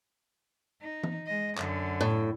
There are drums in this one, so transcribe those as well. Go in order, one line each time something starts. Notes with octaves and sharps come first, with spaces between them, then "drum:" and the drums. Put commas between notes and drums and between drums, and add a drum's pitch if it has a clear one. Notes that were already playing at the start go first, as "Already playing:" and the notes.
D#4
drum: tom E3
G#3 D#5
F#2 D3, drum: clap
A2